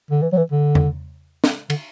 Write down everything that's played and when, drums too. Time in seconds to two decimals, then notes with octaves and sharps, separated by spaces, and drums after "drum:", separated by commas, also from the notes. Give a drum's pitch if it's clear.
0.11 D3
0.22 E3
0.33 F#3
0.37 E3
0.52 D3
0.75 drum: tom E2
1.44 drum: snare
1.70 D3, drum: cymbal